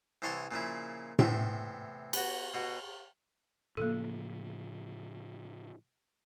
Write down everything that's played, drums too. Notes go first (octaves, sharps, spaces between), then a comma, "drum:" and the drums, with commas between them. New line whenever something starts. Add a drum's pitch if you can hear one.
C2 E3 C5 C#5 A5 C6
A#2 C#3 F3 E4
E2 A2 C3 E5 C6, drum: tom A2
B3 F#4, drum: cymbal
B2 F#4
A2 C#3 F3 A#3 A4